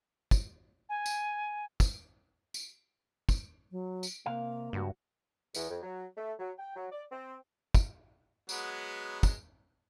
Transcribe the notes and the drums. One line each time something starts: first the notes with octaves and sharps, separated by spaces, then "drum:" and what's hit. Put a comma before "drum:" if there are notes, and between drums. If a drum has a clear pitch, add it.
drum: kick, tambourine
G#5
drum: tambourine
drum: kick, tambourine
drum: tambourine
drum: kick, tambourine
F#3
drum: tambourine
C3 A#3 A#4 F5
C#2 G2 F#4
E2, drum: tambourine
F2
F#3
A3
F#3
G5
F#3
D5
C4
drum: kick, tambourine
F#3 G#3 B3, drum: tambourine
drum: kick, tambourine